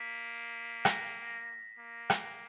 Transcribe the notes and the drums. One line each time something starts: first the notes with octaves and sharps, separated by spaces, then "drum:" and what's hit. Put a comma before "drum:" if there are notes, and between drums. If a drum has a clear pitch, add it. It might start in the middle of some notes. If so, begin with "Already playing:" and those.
Already playing: A#3 B6
A#6, drum: rim click
A#3
drum: rim click